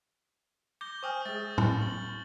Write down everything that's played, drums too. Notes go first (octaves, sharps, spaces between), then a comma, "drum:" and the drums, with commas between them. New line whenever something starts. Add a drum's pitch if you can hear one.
D6 G6 A#6 G7
C5 G5 G#5 C#6 D#6 F6
G#3 G#4 A6
drum: tom
F#7